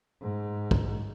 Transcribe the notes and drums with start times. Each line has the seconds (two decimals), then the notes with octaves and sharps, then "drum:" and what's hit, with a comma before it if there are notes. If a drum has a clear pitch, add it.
0.22 G#2
0.71 drum: kick